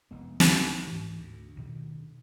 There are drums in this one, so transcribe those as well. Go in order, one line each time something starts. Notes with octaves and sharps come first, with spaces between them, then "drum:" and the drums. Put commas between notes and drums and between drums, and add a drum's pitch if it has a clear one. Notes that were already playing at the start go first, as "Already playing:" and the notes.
F1 G#3 B3
C#2 D3 C#4 D4, drum: snare
G#2 E3
D2
D2 B2 D#3